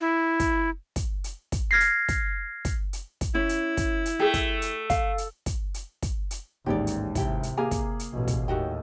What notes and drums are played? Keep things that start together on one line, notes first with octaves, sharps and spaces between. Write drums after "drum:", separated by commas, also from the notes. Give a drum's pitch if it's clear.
E4
drum: kick, hi-hat
drum: kick, hi-hat
drum: hi-hat
drum: kick, hi-hat
F6 G#6 A#6 C7
drum: hi-hat
drum: kick, hi-hat
drum: kick, hi-hat
drum: hi-hat
drum: kick, hi-hat
C#4 E4
drum: hi-hat
drum: kick, hi-hat
drum: hi-hat
A3 G4 G#4
drum: kick, hi-hat
drum: hi-hat
F5, drum: kick, hi-hat
drum: hi-hat
drum: kick, hi-hat
drum: hi-hat
drum: kick, hi-hat
drum: hi-hat
A1 D#2 G#2 G4 C#5 D5
drum: hi-hat
C3 E4 G4 G5, drum: kick, hi-hat
drum: hi-hat
A#3 G4 G#4 F5 G#5 A#5
drum: kick, hi-hat
drum: hi-hat
A1 B2
drum: kick, hi-hat
D#2 A2 D#4 F#4 G4